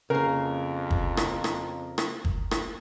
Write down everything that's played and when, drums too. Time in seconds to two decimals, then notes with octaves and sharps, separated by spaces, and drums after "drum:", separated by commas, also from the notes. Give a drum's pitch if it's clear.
0.10 F2 C#3 A#3 A#4
0.91 drum: kick
1.17 drum: rim click
1.44 drum: rim click
1.98 drum: rim click
2.25 drum: kick
2.51 drum: rim click